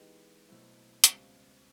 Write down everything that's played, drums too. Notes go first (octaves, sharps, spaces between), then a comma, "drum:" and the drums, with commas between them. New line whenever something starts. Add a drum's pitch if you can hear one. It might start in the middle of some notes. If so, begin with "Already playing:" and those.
Already playing: E3 G#3 B3 D#4 G4
B2 F#3 A3 C4 E4
C#2 B2 G3 C4, drum: hi-hat